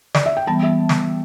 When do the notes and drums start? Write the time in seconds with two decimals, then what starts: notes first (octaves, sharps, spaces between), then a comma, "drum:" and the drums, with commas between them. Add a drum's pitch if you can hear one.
0.15 D5, drum: snare
0.26 E5
0.37 G5
0.47 E3 G3 B3 A5
0.63 E5
0.89 drum: snare